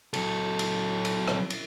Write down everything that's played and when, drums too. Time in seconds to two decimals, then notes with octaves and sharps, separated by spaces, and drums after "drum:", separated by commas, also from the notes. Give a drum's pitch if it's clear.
0.14 F#3 A4, drum: cymbal
0.59 drum: cymbal
1.05 drum: cymbal
1.28 drum: rim click
1.50 drum: cymbal